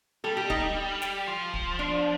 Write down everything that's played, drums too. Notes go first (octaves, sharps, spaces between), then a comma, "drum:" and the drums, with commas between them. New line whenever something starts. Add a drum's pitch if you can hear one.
G3 A4
G4
D#4, drum: kick
drum: snare
F3
drum: kick
D4